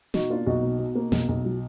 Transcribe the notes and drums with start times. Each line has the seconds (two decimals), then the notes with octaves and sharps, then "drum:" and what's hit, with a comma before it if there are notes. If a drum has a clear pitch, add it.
0.14 B2 D#4 F#4, drum: snare
0.30 A#3 D4 F4
0.46 B1 D#4 F#4
0.63 B2
0.79 B2
0.95 A#3
1.12 B1, drum: snare
1.29 B1
1.45 F#3